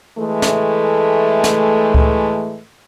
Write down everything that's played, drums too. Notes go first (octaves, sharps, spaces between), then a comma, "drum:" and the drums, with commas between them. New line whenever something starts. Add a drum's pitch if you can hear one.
E3 G#3 A3
drum: snare
drum: snare
drum: kick C#2